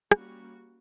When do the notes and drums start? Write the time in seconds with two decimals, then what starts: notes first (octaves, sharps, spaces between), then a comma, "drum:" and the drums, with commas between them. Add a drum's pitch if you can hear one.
0.11 G3 A#3 C#4 F#4, drum: rim click